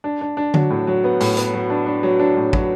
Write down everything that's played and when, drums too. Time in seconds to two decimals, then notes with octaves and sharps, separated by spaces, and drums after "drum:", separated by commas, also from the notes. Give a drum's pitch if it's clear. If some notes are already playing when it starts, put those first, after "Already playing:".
0.04 D4
0.21 D4
0.37 D4
0.54 F#3, drum: tom D3
0.70 A2
0.87 F#3
1.04 B3
1.20 A2, drum: open hi-hat
1.37 B3, drum: hi-hat
1.54 F#3
1.70 D4
1.87 D4
2.03 F#3
2.19 D4
2.37 A2
2.53 F#3, drum: kick